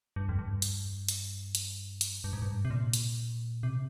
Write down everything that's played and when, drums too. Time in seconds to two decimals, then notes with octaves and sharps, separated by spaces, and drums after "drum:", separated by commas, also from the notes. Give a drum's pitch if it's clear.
0.16 G2
0.29 F2
0.39 G2
0.62 drum: hi-hat
1.08 drum: hi-hat
1.55 drum: hi-hat
2.01 drum: hi-hat
2.24 G2
2.33 G#2
2.42 G2
2.65 C3
2.71 A#2
2.93 drum: hi-hat
3.63 C3